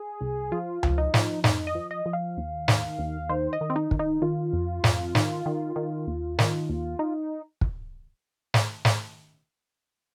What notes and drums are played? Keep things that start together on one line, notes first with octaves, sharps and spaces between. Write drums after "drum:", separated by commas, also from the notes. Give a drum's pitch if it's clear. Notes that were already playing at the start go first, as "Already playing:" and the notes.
Already playing: G#4
C2
F3 F4
F3, drum: tom C#2
D#4
F3, drum: snare
F2 D#4, drum: snare
D#5
F3
D#5
F3
F5
D#2
D#3, drum: snare
D#2
D#3 C5
D#5
D#3
C4
D#4
D#3, drum: kick
D#4
D#3 F4
F2
F2, drum: snare
D#3, drum: snare
D#3
D#3
D#2
D#3, drum: snare
D#2
D#4
drum: kick
drum: snare
drum: snare